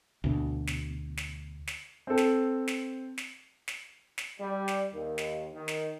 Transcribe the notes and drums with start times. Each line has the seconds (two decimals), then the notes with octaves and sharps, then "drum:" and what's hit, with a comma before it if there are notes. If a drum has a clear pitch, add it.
0.24 D2 B2
0.67 drum: snare
1.17 drum: snare
1.67 drum: snare
2.07 C4 A4
2.17 drum: snare
2.68 drum: snare
3.18 drum: snare
3.68 drum: snare
4.18 drum: snare
4.39 G3
4.68 drum: snare
4.93 D#2
5.18 drum: snare
5.52 D#3
5.68 drum: snare